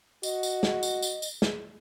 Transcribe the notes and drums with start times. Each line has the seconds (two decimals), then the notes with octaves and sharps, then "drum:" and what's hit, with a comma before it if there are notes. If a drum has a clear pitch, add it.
0.23 F#4 D#5, drum: tambourine
0.43 drum: tambourine
0.63 drum: snare
0.83 drum: tambourine
1.02 drum: tambourine
1.22 drum: tambourine
1.42 drum: snare